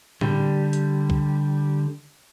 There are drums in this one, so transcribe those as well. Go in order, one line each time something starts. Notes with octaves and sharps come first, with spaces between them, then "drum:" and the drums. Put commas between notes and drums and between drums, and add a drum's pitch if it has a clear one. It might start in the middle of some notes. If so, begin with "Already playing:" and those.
D3 G3, drum: tom A2
drum: hi-hat
drum: kick